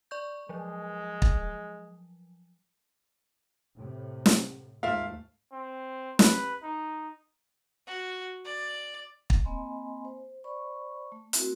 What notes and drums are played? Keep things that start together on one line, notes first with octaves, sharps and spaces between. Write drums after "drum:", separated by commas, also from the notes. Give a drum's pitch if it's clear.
D5 C#6 G6
F3 F#3 G#3
drum: kick
A2 C3
drum: snare
D#2 G#2 A3 F4 A#4 E5 F5
C4
B4, drum: snare
D#4
F#4
D5
drum: kick
A#3 C4 D#5 G#5 B5 C6
C5
C5 D5 B5 C#6
A3
A3 C4 E4 F#4 A#4, drum: hi-hat